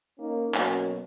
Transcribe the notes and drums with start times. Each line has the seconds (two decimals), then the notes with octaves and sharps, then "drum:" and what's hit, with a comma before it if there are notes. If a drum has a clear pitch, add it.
0.18 A#3 C#4 D#4
0.54 B2 F#3 A#3 B3 C#4, drum: clap